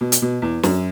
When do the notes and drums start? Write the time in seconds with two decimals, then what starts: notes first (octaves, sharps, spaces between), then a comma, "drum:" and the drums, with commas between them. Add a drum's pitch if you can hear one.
0.01 B2
0.12 drum: hi-hat
0.22 B2
0.42 E2
0.63 F#2, drum: snare